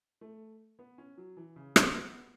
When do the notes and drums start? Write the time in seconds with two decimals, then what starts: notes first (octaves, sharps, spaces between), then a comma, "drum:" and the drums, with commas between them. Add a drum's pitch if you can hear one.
0.21 A3
0.79 B3
0.98 C#4
1.18 F#3
1.37 E3
1.56 C#3
1.76 F#3, drum: rim click
1.95 B3